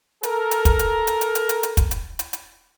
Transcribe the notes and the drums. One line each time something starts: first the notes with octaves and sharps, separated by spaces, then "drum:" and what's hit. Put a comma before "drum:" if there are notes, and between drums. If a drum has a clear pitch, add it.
A4 A#4, drum: hi-hat
drum: hi-hat
drum: kick, hi-hat
drum: hi-hat
drum: hi-hat
drum: hi-hat
drum: hi-hat
drum: hi-hat
drum: hi-hat
drum: kick, hi-hat
drum: hi-hat
drum: hi-hat
drum: hi-hat